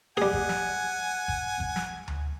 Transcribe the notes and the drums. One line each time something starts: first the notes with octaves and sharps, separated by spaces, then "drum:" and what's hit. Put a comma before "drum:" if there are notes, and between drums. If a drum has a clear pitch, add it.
G3 G#4 F#5 G#5
drum: kick G1
drum: snare
drum: kick G1
drum: kick G1
drum: snare
drum: tom D2